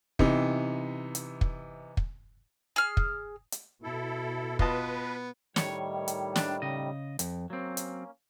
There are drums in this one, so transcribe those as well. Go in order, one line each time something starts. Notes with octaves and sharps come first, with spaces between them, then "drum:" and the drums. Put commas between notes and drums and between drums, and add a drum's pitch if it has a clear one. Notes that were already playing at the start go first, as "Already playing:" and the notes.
C3 E3 B3 D#4, drum: kick
drum: hi-hat
drum: kick
drum: kick
G#4 F6
drum: kick
drum: hi-hat
B2 E4 A4
B3 F4 B4 D#5 A5, drum: kick
A2 D#3 G3 C#5, drum: snare
drum: hi-hat
D4, drum: snare
C#3 D#5
F2, drum: hi-hat
F#3 A#3 C4 C#4
drum: hi-hat